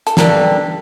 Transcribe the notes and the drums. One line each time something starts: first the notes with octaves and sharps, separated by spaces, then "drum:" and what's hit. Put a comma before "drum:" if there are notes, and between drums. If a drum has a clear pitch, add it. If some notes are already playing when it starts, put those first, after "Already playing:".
A4, drum: hi-hat
G2 D3 G3 A#4, drum: snare